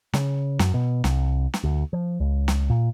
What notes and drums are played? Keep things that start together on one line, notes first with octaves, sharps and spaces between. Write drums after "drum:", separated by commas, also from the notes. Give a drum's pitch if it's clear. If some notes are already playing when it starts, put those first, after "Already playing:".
C#3, drum: snare
F#2, drum: snare
B2
C2, drum: snare
drum: snare
D2
F3
C#2
drum: snare
A#2